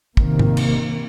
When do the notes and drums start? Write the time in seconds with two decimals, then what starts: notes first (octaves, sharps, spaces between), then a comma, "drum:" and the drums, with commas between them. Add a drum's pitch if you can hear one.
0.17 C3 D#3 A#3, drum: kick
0.39 drum: tom G#2
0.57 drum: cymbal